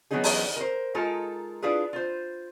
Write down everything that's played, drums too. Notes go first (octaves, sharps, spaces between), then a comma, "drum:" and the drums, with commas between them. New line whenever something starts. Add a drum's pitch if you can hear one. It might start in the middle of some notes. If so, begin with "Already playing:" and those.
E3 F#3 B3 C#4 D#4 G#4
drum: open hi-hat
A#4 C5
G#3 D#4 F4 A4 A#4 A#5
D4 E4 F4 G#4 B4
F4 C5